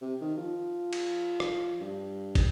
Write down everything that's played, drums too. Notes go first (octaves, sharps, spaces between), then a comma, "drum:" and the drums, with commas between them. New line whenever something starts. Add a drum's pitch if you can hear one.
C3
D#3
F3
drum: cymbal
drum: rim click
G2
drum: kick, cymbal